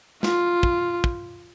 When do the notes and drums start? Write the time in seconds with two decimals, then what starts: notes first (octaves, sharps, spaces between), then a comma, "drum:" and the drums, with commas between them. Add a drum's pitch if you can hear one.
0.23 F4, drum: snare
0.63 drum: kick
1.04 drum: kick